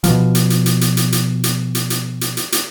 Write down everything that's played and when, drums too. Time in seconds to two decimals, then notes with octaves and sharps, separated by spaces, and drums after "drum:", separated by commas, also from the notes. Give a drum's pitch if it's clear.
0.04 B2 F3, drum: hi-hat
0.35 drum: hi-hat
0.50 drum: hi-hat
0.66 drum: hi-hat
0.81 drum: hi-hat
0.97 drum: hi-hat
1.12 drum: hi-hat
1.44 drum: hi-hat
1.75 drum: hi-hat
1.90 drum: hi-hat
2.21 drum: hi-hat
2.37 drum: hi-hat
2.52 drum: hi-hat